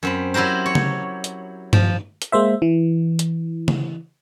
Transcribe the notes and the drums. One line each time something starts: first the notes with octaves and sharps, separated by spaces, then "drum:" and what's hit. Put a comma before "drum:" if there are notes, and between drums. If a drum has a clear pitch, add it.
F#2 C4 B5
F#3 E4 G4 A#4 C5
C#5
drum: tom C#3
drum: hi-hat
F3, drum: tom G2
drum: hi-hat
G#3 A#3 C5 E5
E3
drum: hi-hat
drum: tom C#3